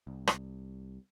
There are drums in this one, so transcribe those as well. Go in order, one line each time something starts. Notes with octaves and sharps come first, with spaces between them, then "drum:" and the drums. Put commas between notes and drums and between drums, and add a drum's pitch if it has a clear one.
C2
drum: rim click